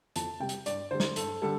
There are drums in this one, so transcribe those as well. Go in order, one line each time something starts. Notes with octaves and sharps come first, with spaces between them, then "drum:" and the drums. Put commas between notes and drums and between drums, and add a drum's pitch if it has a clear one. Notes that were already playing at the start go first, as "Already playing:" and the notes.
F2 A5, drum: hi-hat
C3 G3 G5
drum: hi-hat
G2 D5, drum: hi-hat
D3 G3 C5
drum: snare
G2 A4, drum: hi-hat
D3 G3 A4